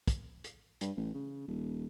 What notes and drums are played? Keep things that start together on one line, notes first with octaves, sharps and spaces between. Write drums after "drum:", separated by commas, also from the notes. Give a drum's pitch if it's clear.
drum: kick, hi-hat
drum: hi-hat
G2, drum: hi-hat
A1
C#3
D#1